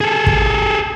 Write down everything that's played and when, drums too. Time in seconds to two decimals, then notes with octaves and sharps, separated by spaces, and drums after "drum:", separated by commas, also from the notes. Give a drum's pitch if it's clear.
0.01 G#4 A4
0.26 drum: kick